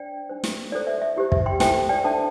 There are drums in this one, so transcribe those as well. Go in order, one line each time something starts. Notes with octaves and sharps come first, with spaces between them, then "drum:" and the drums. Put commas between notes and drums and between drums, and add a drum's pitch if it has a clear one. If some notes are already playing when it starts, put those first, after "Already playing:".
Already playing: D4 C5 D5 G5
D4 C5
drum: snare
E4 A4 C5 D5
E5
E5
E4 G4 C5
E5, drum: kick
G5 C6
E4 A4 C5 G5 C6, drum: snare
D5 G5
D4 A4 C5 E5 A5